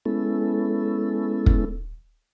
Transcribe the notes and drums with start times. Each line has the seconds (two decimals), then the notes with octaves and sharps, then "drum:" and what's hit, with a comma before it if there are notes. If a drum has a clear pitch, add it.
0.06 G#3 B3 C#4 E4 A4
1.46 drum: kick